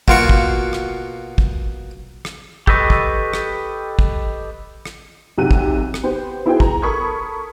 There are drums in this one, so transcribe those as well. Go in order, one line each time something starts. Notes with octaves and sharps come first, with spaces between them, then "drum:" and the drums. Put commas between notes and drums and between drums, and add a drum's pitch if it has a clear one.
B2 A#3 F4 F#4 C#6, drum: kick
drum: kick
drum: rim click
drum: kick
drum: rim click
G4 A4 B4 D#5 C#6, drum: kick
drum: kick
drum: rim click
drum: kick
drum: rim click
B1 C3 G4 F#5 F#6 D#7
drum: kick
drum: rim click
B3 G4 C5
B3 E4 F#4 G#4 C5 G5
A#5, drum: kick
A4 A#4 B5 C#6 D#6 G#6